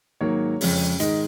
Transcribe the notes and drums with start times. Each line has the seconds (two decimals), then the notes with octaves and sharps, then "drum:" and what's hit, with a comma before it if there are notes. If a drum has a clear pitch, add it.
0.21 G#2 D#3 F#3 A#3 C#5
0.61 F2 C#3 G#3, drum: open hi-hat
1.00 G#2 D#3 G#3 D#5, drum: hi-hat